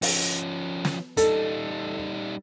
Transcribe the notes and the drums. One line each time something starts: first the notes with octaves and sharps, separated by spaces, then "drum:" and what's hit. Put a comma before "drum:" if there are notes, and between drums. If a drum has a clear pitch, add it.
F3 C#4, drum: open hi-hat
drum: snare
G3 D#4 A4, drum: hi-hat